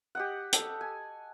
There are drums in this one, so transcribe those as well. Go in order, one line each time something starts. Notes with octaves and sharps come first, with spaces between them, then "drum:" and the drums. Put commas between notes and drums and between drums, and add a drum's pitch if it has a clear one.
G4 D#5 F#5
A4, drum: hi-hat
G#5